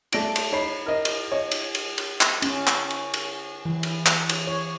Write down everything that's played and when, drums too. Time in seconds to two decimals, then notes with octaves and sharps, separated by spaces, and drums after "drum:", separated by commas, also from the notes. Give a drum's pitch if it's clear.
0.12 A3 D5 A#6 D7, drum: cymbal
0.36 drum: cymbal
0.52 D#4 C#5 B5 C7
0.86 A#4 D#5
1.05 drum: cymbal
1.32 C#5 D#5
1.51 drum: cymbal
1.75 drum: cymbal
1.98 drum: cymbal
2.21 drum: clap
2.42 C#4, drum: cymbal
2.67 drum: clap
2.90 drum: cymbal
3.14 drum: cymbal
3.65 E3
3.83 drum: cymbal
4.06 drum: clap
4.29 drum: cymbal
4.47 C#5